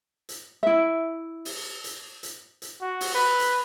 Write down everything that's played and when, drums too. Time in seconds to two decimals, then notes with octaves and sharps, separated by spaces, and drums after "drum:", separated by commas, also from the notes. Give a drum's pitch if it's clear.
0.29 drum: hi-hat
0.63 E4 E5
1.45 drum: open hi-hat
1.84 drum: hi-hat
2.23 drum: hi-hat
2.62 drum: hi-hat
2.81 F#4
3.01 drum: open hi-hat
3.15 B4
3.39 drum: hi-hat